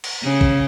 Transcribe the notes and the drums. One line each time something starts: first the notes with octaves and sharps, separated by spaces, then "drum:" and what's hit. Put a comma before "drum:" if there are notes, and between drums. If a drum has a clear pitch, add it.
drum: cymbal
C#3
drum: kick